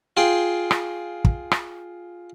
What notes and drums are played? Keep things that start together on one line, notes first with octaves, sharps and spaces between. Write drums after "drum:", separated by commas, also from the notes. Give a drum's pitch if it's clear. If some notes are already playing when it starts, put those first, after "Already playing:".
F4 G#4 G5
drum: rim click
drum: kick
drum: rim click